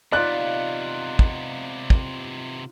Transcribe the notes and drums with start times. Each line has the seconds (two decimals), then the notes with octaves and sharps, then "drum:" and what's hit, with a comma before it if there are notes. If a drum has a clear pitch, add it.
0.12 C3 B3 D#4 F4 D5 F#6
1.19 drum: kick
1.90 drum: kick